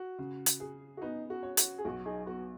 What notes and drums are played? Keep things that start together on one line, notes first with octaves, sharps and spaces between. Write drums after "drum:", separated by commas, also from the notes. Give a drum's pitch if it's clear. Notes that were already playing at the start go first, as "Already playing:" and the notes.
Already playing: F#4
C#3
drum: hi-hat
G#4
F#4
B3 D#4
F#4
C#5
F#4, drum: hi-hat
G#4
B1 F#4
D#4 G#4
B3 F#4